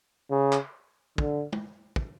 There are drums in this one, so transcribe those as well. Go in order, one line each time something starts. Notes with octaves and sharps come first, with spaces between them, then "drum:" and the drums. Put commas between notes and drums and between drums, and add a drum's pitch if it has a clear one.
C#3
drum: clap
D3, drum: kick
drum: tom
drum: kick